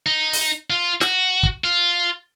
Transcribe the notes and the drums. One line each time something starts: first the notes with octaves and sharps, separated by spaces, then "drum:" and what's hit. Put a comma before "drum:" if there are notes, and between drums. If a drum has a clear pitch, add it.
D#4
drum: open hi-hat
F4
F#4, drum: snare
drum: kick
F4